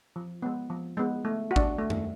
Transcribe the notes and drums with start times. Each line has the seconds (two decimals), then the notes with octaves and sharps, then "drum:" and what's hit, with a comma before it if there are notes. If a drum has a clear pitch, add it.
0.16 F3
0.42 G#3 B3
0.70 F3
0.97 G#3 B3
1.25 A3
1.51 F#4
1.56 D4, drum: kick G#1
1.79 A3
1.90 drum: tom F#2